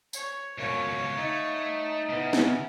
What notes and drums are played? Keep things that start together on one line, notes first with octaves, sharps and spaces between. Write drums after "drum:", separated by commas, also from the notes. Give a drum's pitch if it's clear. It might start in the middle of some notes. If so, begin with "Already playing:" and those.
C#5, drum: tambourine
C#2 F#2 B2 C#5 F5
A3 D#4
C#3 B3 E4
drum: snare